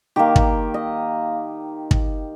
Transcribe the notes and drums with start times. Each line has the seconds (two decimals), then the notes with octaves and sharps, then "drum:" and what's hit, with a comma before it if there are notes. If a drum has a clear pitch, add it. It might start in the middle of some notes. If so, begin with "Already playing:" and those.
0.16 D#3 A#3 G4
0.36 drum: kick
0.74 D#5
1.91 drum: kick